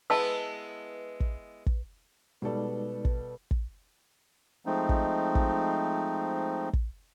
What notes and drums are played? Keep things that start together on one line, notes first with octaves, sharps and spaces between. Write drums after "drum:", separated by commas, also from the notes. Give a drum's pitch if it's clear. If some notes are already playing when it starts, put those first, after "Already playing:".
G#3 B3 E4 B4 D#5 A5 E6
drum: kick
drum: kick
B2 G3 G#3 D#4 A4 B4 D5
drum: kick
drum: kick
F3 G#3 A3 C4 D#4
drum: kick
drum: kick
drum: kick